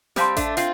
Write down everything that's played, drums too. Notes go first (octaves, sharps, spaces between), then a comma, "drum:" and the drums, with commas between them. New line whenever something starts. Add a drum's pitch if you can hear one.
G3 C4 C5 F5 A5 C6, drum: snare
A3 D4, drum: kick A1, hi-hat
C4 F4, drum: hi-hat